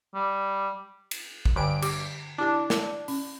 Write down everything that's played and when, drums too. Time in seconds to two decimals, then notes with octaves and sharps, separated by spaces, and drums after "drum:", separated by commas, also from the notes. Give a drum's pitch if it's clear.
0.15 G3
1.11 drum: cymbal
1.45 drum: kick A1
1.56 G2 D3 G5 G#5 D7
1.82 G4 D6, drum: cymbal
2.38 D4 E4 G4 A5
2.70 drum: snare
3.08 C#4, drum: open hi-hat